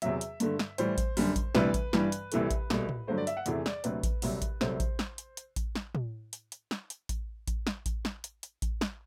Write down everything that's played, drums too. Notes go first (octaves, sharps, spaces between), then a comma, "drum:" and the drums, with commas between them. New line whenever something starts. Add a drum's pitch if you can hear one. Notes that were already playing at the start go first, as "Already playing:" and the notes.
E2 C3 F#3 E5, drum: hi-hat
drum: hi-hat
G2 D3 A3, drum: hi-hat
drum: snare
A2 E3 G3 C5, drum: hi-hat
drum: kick A1, hi-hat
F#2 D3 G3, drum: open hi-hat
drum: kick A1, hi-hat
D2 C3 E3 G3 B4, drum: snare
drum: kick A1, hi-hat
G2 E3 G3, drum: snare
drum: hi-hat
C2 C3 E3 A3, drum: hi-hat
drum: kick A1, hi-hat
C2 B2 A3, drum: snare
drum: tom
G2 D3 F#3 A3 C5
D5
E5, drum: hi-hat
F#5
E2 C3 E3 A3, drum: hi-hat
D5, drum: snare
D2 C3 F#3 B4, drum: hi-hat
drum: kick A1, hi-hat
C2 C3 F#3, drum: open hi-hat
drum: kick A1, hi-hat
C2 C3 F#3 A3 C5, drum: snare
drum: kick A1, hi-hat
drum: snare
drum: hi-hat
drum: hi-hat
drum: kick A1, hi-hat
drum: snare
drum: tom
drum: hi-hat
drum: hi-hat
drum: snare
drum: hi-hat
drum: kick A1, hi-hat
drum: kick A1, hi-hat
drum: snare
drum: kick A1, hi-hat
drum: snare
drum: hi-hat
drum: hi-hat
drum: kick A1, hi-hat
drum: snare